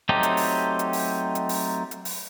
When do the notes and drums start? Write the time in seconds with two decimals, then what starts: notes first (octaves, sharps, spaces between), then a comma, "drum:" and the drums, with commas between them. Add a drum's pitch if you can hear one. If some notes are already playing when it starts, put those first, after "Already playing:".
0.09 F#3 A3 C4 D#4 G4
0.23 drum: hi-hat
0.37 drum: open hi-hat
0.79 drum: hi-hat
0.93 drum: open hi-hat
1.35 drum: hi-hat
1.49 drum: open hi-hat
1.91 drum: hi-hat
2.05 drum: open hi-hat